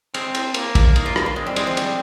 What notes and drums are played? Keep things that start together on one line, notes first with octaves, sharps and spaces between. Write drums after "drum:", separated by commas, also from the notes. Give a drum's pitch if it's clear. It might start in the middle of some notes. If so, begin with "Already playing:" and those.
G#3 C4, drum: cymbal
drum: cymbal
A#3, drum: cymbal
drum: kick, cymbal
D#4, drum: cymbal
F4
drum: rim click
F4
G#3 C4
G3
G#3, drum: cymbal
F3
G3, drum: cymbal